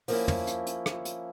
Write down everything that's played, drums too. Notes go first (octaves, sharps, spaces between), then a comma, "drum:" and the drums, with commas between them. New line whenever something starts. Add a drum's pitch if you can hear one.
F3 A#3 C#4 E4, drum: open hi-hat
drum: tom
drum: hi-hat
drum: hi-hat
drum: rim click
drum: hi-hat